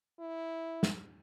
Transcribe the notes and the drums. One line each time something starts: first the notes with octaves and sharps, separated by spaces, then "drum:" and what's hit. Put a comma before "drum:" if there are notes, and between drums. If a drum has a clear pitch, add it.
E4
drum: snare